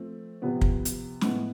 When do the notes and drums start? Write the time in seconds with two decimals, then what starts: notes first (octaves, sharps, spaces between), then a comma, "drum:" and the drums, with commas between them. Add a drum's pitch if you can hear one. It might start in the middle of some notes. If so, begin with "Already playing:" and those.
Already playing: F3 A3 C4
0.42 C3 F3 B3
0.61 drum: kick
0.85 drum: hi-hat
1.21 A2 G#3 B3, drum: snare